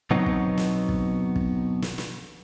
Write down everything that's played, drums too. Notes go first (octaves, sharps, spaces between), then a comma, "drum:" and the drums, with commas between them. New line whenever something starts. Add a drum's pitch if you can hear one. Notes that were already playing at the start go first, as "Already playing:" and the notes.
B2 F#3 B3 C4 D#4
drum: kick
drum: snare
drum: kick
drum: kick
drum: snare
drum: snare